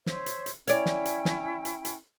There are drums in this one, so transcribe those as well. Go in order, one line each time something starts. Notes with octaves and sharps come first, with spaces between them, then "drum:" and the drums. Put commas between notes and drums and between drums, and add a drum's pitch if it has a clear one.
C5 C#5 E5, drum: snare
drum: hi-hat
drum: hi-hat
C#4 E4 C#5 D5 G5, drum: hi-hat
drum: snare
drum: hi-hat
drum: snare
drum: hi-hat
drum: hi-hat